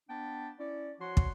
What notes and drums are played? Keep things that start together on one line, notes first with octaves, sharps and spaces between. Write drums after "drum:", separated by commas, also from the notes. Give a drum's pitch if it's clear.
B3 D4 G5 A5
C#4 E4 D5
F3 F#4 C#5 F#5 C6
drum: kick